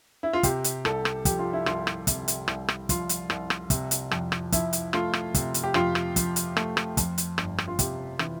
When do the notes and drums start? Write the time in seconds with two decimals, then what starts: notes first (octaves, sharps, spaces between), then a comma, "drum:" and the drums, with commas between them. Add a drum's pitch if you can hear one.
0.23 E4
0.33 F4
0.43 C3 G4, drum: kick, hi-hat
0.64 drum: hi-hat
0.85 C2 A4, drum: rim click
1.05 drum: rim click
1.25 F3 G4, drum: kick, hi-hat
1.39 F4
1.53 E4
1.66 C2 F4, drum: rim click
1.87 drum: rim click
2.07 C3, drum: kick, hi-hat
2.28 drum: hi-hat
2.48 C2, drum: rim click
2.68 drum: rim click
2.89 F3 F4, drum: kick, hi-hat
3.09 drum: hi-hat
3.30 C2, drum: rim click
3.50 drum: rim click
3.70 C3, drum: kick, hi-hat
3.91 drum: hi-hat
4.11 F2, drum: rim click
4.32 drum: rim click
4.52 F3 E4, drum: kick, hi-hat
4.73 drum: hi-hat
4.93 A3 F4, drum: rim click
5.13 drum: rim click
5.34 C3, drum: kick, hi-hat
5.54 drum: hi-hat
5.64 G4
5.74 F2 F4, drum: rim click
5.95 drum: rim click
6.16 F3, drum: kick, hi-hat
6.36 drum: hi-hat
6.57 A3, drum: rim click
6.77 drum: rim click
6.97 F2, drum: kick, hi-hat
7.18 drum: hi-hat
7.38 G1, drum: rim click
7.58 drum: rim click
7.68 F4
7.79 C3 G4, drum: kick, hi-hat
8.19 E3, drum: rim click